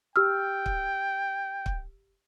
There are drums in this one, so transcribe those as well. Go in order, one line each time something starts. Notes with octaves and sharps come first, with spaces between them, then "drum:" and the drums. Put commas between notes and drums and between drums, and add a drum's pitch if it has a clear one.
G4 G5 E6 F6
drum: kick
drum: kick